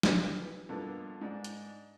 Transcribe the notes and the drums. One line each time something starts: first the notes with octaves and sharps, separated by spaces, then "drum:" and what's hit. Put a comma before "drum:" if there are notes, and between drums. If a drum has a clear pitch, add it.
G4, drum: snare
E3
G2 B2 F3 A#3 A4
G#2 D4
drum: hi-hat